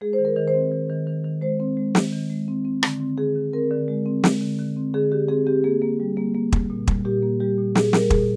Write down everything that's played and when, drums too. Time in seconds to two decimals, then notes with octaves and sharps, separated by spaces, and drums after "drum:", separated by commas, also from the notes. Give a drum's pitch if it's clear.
0.01 G#3 G#4
0.13 C5
0.18 D#3
0.25 A#4
0.37 D#3
0.48 C5
0.54 C4
0.72 D#3
0.89 D#3
1.07 D#3
1.25 D#3
1.42 G#3 C5
1.60 C4
1.77 G#3
1.95 D#3, drum: snare
2.12 D#3
2.30 G#3
2.48 C4
2.65 C4
2.83 D3, drum: rim click
3.00 C4
3.18 D3 G#4
3.36 D3
3.53 C4 A#4
3.71 D3
3.88 G#3
4.06 C4
4.24 G#3, drum: snare
4.41 D3
4.59 D3
4.76 C4
4.94 D3 G#4
5.12 D3 G4
5.29 C4 G#4
5.46 C4 G4
5.64 A#3 G#4
5.82 A#3
6.00 G3
6.17 A#3
6.34 A#3
6.52 G3, drum: kick
6.70 A#2
6.87 G3, drum: kick
7.05 A#2 G4
7.23 A#3
7.40 G3 G4
7.58 A#2
7.75 A#2 G#4, drum: snare
7.93 G3 A#4, drum: snare
8.10 A#2 G#4, drum: kick